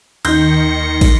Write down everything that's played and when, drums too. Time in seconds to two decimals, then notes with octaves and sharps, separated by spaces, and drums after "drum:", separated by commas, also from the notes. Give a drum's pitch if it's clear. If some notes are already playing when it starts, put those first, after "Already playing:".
0.25 D#2 D#3 D#4 C6 G6 A#6 C#7, drum: cymbal
1.01 drum: kick, cymbal